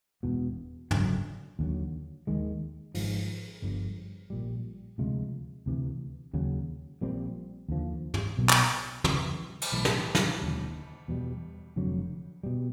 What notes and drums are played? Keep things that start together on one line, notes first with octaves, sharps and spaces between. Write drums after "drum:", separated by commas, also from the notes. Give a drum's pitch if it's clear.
E1 E2 B2
F#1 F#2 D3, drum: tom
D#2 D3 F#3
D#2 D#3 G#3
G#1 G#2 F3, drum: open hi-hat
G1 G2 D3 F3
A#1 A#2 G3
D2 C3 F3 G#3
D2 C3 E3
D#2 C#3 F#3
A#1 A#2 G3 C4
D#2 D3 F3
drum: tom
B1 B2 F#3 A#3
drum: clap
F2 C#3 E3 G3, drum: tom
drum: cymbal
B1 A2 E3 A3
drum: snare
drum: snare
E1 D#2 D3 F#3
E2 B2 G3
F1 F2 D3 F#3
B2 G3